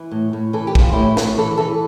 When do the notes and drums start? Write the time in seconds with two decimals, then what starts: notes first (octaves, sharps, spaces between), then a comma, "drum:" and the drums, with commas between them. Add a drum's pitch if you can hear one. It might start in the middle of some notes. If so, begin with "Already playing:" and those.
Already playing: E3
0.11 A2
0.33 A2
0.53 E3 A4
0.67 G4
0.75 E3 F4, drum: kick
0.92 A2 E4 G4
1.17 A2, drum: snare
1.38 E3 A4
1.57 E3 A4